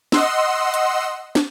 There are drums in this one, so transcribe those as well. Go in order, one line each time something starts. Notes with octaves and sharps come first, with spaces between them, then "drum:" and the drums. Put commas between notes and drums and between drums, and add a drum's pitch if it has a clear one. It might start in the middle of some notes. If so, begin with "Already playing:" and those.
D#5 F#5 C6 E6, drum: snare
drum: hi-hat
drum: snare